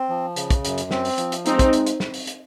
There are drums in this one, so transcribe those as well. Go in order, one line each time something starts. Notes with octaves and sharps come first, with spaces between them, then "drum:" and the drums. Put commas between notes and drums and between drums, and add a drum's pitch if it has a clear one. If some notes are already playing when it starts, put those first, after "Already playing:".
Already playing: C4
F3
C#3, drum: hi-hat
drum: kick, hi-hat
F#2, drum: hi-hat
drum: hi-hat
C4, drum: snare
drum: open hi-hat
F3, drum: hi-hat
drum: hi-hat
G#3 C4 D#4, drum: hi-hat
drum: kick, hi-hat
drum: hi-hat
drum: hi-hat
drum: snare
drum: open hi-hat
drum: hi-hat